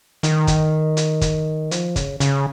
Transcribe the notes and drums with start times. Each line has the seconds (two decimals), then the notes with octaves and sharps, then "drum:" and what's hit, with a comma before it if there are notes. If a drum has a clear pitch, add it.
0.23 D#3, drum: hi-hat
0.47 drum: kick, hi-hat
0.97 drum: hi-hat
1.21 drum: kick, hi-hat
1.71 F3, drum: hi-hat
1.96 C#3, drum: kick, hi-hat
2.20 C#3, drum: hi-hat